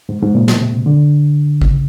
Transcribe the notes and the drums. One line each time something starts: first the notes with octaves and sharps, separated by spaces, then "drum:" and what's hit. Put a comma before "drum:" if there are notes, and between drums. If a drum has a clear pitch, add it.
G#2
G#2
A#2
B2, drum: snare
C3
D3
C#3, drum: kick